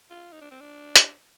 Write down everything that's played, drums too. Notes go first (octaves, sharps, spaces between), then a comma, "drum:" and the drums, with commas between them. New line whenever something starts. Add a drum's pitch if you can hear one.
F4
D#4
D4
C4
D4
drum: hi-hat